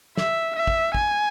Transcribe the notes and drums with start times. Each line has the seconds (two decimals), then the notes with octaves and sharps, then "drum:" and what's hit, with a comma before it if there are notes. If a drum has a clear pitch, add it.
0.17 E5, drum: snare
0.56 E5
0.67 drum: kick
0.95 G#5, drum: kick